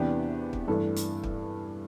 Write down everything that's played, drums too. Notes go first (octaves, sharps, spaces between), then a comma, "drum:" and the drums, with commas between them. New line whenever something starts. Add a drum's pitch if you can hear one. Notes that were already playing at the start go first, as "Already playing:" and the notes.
Already playing: E2 C3 E3 B3 D4 G4
drum: kick
G2 E3 A3 D4 A4
drum: hi-hat
drum: kick